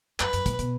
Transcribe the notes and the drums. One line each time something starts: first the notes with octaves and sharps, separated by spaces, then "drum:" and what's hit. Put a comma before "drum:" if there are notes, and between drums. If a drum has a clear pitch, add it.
F#2 B4, drum: clap
F#2, drum: hi-hat
A#2, drum: kick, hi-hat
B2, drum: hi-hat